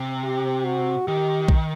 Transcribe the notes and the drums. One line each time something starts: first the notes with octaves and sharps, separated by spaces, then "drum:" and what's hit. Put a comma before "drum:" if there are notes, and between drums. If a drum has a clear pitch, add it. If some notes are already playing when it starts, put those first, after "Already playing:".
Already playing: C3
G4
F#4
D#3 G4
drum: kick A#1